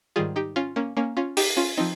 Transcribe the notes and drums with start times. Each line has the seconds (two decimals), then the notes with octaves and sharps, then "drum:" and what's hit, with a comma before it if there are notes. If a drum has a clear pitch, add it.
0.16 G#2 D#3 G3 F4 G#4
0.36 D#4 G4
0.56 C#4 F4
0.76 A#3 C#4
0.97 A#3 C#4
1.17 C#4 F4
1.37 D#4 G4, drum: open hi-hat
1.57 C#4 F4
1.78 F3 C4 D#4